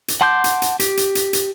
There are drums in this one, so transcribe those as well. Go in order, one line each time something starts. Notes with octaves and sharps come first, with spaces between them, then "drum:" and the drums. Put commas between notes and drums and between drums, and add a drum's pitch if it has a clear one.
drum: hi-hat
F#5 A5 C6 D6 G6
drum: hi-hat
drum: hi-hat
G4, drum: hi-hat
drum: hi-hat
drum: hi-hat
drum: hi-hat